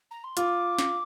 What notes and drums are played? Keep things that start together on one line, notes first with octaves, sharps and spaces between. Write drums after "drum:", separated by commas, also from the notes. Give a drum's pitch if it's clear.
A#5
C6
F4 D6, drum: hi-hat
drum: snare